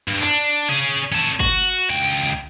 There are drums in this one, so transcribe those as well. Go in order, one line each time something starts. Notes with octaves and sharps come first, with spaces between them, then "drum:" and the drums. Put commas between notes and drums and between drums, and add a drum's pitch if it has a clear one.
G2
D4, drum: clap
C#4 G#4
C#4 A4
F#4, drum: kick
C#2 G5